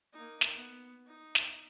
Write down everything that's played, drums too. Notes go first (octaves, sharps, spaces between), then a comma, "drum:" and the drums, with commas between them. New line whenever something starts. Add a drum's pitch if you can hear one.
A#3 D#4
drum: snare
B3
D#4
drum: snare